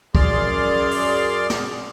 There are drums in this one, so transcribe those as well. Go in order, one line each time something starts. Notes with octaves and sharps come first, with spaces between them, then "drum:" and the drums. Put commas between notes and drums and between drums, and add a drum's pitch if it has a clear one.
F#2 G#4 D5 C6 D6 F6, drum: kick
drum: open hi-hat
drum: snare